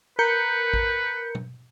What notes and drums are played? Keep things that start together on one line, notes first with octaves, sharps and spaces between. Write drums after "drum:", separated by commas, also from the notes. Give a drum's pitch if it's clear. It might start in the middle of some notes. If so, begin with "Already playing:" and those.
A#4 B4 G6 C#7
drum: kick A1
drum: tom